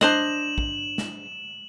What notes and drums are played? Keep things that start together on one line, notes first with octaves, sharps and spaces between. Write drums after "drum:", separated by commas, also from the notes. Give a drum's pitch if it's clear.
D4 C5 D#5 E7 F#7, drum: snare
drum: kick
drum: snare